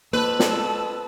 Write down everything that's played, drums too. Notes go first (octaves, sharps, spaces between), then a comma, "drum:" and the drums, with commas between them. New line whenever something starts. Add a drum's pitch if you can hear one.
F2 A#3 B4 A5 E6
drum: snare